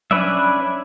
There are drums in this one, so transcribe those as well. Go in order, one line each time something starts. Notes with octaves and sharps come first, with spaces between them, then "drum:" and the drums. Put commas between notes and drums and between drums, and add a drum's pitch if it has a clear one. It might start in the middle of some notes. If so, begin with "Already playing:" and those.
C#4 D4 B4 D5 E5, drum: tom F3